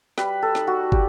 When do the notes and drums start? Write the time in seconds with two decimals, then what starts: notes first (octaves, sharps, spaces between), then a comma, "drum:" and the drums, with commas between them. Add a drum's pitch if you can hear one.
0.18 G3 B4, drum: snare
0.43 A4
0.55 D#4, drum: snare
0.67 F#4
0.92 G3 G4, drum: kick